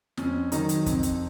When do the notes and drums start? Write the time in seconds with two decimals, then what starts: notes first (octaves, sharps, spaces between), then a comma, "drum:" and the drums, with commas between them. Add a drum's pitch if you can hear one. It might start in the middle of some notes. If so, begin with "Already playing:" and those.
0.17 F2 C#4, drum: snare
0.52 D#3 F#3 D#4, drum: hi-hat
0.69 drum: hi-hat
0.86 F2, drum: kick, hi-hat
1.03 drum: hi-hat